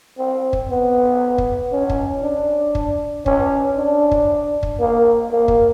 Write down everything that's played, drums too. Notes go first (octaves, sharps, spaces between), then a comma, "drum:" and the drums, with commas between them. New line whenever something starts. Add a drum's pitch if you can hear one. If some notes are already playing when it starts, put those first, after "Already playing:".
C4
drum: kick
B3
drum: kick
C#4
drum: kick
D4
drum: kick
C#4, drum: kick
D4
drum: kick
drum: kick
A#3
A#3
drum: kick